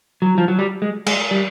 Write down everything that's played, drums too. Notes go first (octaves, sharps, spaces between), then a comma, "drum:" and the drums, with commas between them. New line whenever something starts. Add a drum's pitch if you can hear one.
F#3
F3
F#3
G3
G#3
G#3, drum: cymbal
G3